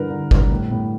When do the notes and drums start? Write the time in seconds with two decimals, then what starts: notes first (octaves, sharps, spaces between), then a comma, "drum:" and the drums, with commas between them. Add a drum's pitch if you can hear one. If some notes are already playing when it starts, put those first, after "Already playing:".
Already playing: G2 D3 E3 A#4 B4
0.10 D3
0.31 G2, drum: kick
0.51 A2
0.71 A2